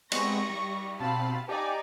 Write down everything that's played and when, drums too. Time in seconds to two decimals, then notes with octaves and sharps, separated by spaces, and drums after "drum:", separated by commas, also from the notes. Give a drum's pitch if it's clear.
0.12 G#3 B3 C4 C#6 A#6, drum: cymbal
0.50 G3
1.00 B2 C4 F5 A5 B5
1.49 D#4 G4 D5 G#5